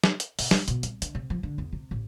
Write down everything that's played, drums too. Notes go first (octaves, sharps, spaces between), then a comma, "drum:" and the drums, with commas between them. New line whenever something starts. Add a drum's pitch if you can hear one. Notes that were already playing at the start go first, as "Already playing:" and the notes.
drum: snare
drum: hi-hat
B2, drum: open hi-hat
G3, drum: snare
B2, drum: hi-hat
C2, drum: hi-hat
D3, drum: hi-hat
C3
F3
D3
E2
C3
A1